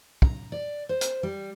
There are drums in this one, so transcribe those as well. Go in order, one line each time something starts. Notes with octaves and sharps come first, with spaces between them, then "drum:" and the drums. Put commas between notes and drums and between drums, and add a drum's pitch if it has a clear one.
A#5, drum: kick
D5
C5
drum: hi-hat
G3